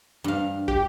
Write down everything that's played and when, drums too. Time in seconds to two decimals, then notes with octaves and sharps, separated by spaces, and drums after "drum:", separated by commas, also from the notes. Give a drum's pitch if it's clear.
0.24 G2 F5
0.68 G4, drum: kick